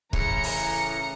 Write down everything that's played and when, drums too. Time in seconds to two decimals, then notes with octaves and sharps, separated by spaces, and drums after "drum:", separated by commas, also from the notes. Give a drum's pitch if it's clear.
0.13 A2 C#3 E3 A#5 C#7, drum: kick
0.44 drum: open hi-hat